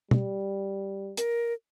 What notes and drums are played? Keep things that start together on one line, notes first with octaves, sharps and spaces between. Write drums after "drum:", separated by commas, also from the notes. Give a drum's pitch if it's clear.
G3, drum: tom
A#4, drum: hi-hat